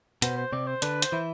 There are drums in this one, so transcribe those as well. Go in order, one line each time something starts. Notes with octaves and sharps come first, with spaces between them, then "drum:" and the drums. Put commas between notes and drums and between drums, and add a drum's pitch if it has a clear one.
B2 B3 C5, drum: hi-hat
C5
C3 C4 D5
C5
D3 D4 B4, drum: hi-hat
C5, drum: hi-hat
E3 E4